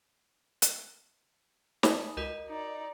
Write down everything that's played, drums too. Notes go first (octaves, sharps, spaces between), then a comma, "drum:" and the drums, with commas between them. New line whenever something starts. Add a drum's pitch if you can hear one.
drum: hi-hat
D5 E5 G#5 A5 B5 D#6, drum: snare
C#2 F#4 A#4 D#5
D#4 D5